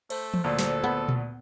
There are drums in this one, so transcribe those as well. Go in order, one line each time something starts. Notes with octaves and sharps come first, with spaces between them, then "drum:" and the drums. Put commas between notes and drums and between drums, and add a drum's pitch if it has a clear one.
A3 C5, drum: cymbal
drum: tom E3
D2 A#2 A4
drum: snare
B3
drum: tom A#2